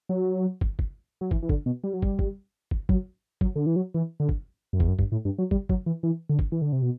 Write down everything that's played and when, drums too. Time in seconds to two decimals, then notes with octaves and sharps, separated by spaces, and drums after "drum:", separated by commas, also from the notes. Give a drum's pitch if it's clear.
0.09 F#3
0.61 drum: kick
0.79 drum: kick
1.21 F#3
1.31 E3, drum: kick
1.43 E3
1.49 D3, drum: kick
1.66 B2
1.84 G3
1.94 F#3
2.02 G3, drum: kick
2.19 drum: kick
2.71 drum: kick
2.89 F#3, drum: kick
3.41 F#3, drum: kick
3.56 D3
3.66 E3
3.76 F#3
3.94 E3
4.20 D3
4.29 drum: kick
4.73 F#2
4.80 E2, drum: kick
4.88 F#2
4.99 G2, drum: kick
5.12 A2
5.25 G2
5.39 F#3
5.51 G3, drum: kick
5.69 F#3, drum: kick
5.86 E3
6.03 E3
6.30 D3
6.39 drum: kick
6.52 E3
6.62 D3
6.72 C3
6.82 B2